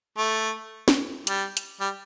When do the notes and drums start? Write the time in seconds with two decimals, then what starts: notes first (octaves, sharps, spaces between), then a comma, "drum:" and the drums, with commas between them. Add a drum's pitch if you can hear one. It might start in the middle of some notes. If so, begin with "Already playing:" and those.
0.18 A3
0.88 drum: snare
1.27 G3, drum: hi-hat
1.57 drum: hi-hat
1.81 G3